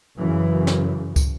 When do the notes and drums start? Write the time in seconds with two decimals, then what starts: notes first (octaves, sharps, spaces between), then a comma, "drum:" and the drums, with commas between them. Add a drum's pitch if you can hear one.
0.18 F#2 C#3 E3
0.67 drum: snare
1.16 drum: kick, tambourine